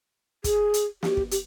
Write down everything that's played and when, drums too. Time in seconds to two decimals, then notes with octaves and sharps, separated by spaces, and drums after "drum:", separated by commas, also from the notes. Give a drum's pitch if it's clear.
0.44 G#4, drum: kick, hi-hat
0.74 drum: hi-hat
1.03 G4, drum: snare
1.17 drum: kick
1.31 G4, drum: hi-hat